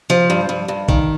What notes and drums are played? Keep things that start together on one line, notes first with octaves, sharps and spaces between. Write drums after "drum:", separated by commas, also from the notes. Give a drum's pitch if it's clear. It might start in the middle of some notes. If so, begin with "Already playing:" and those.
F3
G2
G2
G2
D#3, drum: kick